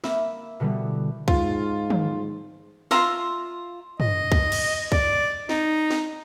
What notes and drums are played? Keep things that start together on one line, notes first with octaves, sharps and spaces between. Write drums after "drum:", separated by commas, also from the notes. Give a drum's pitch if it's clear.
A#3 E5 B5 E6, drum: snare
B2 D3 E3 G3 B3
G#2 F4, drum: kick
drum: tom
F4 E5 A#5 C6, drum: snare
D#5, drum: tom
drum: kick
drum: cymbal
D5, drum: kick
D#4, drum: snare
drum: snare